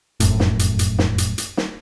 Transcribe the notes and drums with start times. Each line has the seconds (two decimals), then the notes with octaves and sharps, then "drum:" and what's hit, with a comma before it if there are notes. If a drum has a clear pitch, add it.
0.20 F1 F#2 A2, drum: hi-hat
0.40 drum: snare
0.59 drum: hi-hat
0.79 drum: hi-hat
0.99 drum: snare
1.18 drum: hi-hat
1.38 drum: hi-hat
1.57 drum: snare